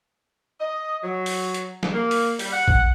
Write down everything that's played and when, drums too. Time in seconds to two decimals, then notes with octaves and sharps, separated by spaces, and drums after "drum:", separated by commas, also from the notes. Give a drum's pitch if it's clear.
0.60 D#5
1.04 F#3
1.26 drum: open hi-hat
1.54 drum: hi-hat
1.83 drum: snare
1.93 A#3
2.11 drum: open hi-hat
2.39 G3, drum: open hi-hat
2.53 F#5
2.68 drum: kick A#1